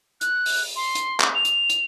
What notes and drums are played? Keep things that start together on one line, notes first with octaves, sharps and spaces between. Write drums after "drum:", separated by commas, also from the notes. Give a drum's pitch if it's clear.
F#6, drum: hi-hat
drum: open hi-hat
C6
drum: hi-hat
drum: clap
F7
drum: hi-hat
drum: hi-hat